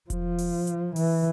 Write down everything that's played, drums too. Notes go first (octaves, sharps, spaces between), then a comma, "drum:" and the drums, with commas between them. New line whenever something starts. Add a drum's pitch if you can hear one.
F3, drum: kick E1, hi-hat
drum: open hi-hat
drum: hi-hat
E3, drum: open hi-hat